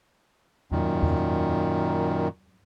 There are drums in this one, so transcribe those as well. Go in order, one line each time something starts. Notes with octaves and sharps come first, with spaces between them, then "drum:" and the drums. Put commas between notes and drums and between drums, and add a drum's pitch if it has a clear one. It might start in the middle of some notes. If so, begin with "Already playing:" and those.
F#2 A#2 D#3, drum: tom E2
drum: tom E2